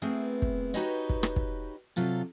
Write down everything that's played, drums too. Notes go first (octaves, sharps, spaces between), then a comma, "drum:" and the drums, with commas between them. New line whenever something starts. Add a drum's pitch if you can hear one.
A3 B3 C4 E4 G#4 A#4
drum: kick
D#4 F#4 G4 B4 C#5 D#5
drum: kick
drum: rim click
drum: kick
C3 F#3 F4 A4